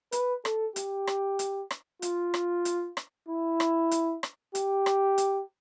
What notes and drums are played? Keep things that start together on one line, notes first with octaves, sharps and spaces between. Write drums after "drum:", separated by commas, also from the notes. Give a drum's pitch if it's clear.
B4, drum: hi-hat
A4, drum: rim click
G4, drum: hi-hat
drum: rim click
drum: hi-hat
drum: rim click
F4, drum: hi-hat
drum: rim click
drum: hi-hat
drum: rim click
E4
drum: rim click
drum: hi-hat
drum: rim click
G4, drum: hi-hat
drum: rim click
drum: hi-hat